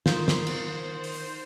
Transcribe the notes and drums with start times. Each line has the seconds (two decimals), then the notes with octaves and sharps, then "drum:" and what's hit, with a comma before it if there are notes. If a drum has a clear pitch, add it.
0.06 D#3 F4 C5, drum: snare
0.28 drum: snare
0.47 drum: cymbal
1.04 drum: open hi-hat